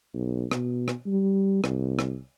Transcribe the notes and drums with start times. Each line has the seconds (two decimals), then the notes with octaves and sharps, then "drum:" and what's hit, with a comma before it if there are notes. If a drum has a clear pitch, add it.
0.14 B1
0.51 B2, drum: rim click
0.88 drum: rim click
1.07 G3
1.64 C2, drum: rim click
1.99 drum: rim click